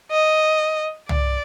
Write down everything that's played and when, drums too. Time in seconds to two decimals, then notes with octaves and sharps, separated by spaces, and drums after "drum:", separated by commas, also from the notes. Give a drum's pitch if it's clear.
0.11 D#5
1.09 D5, drum: tom C2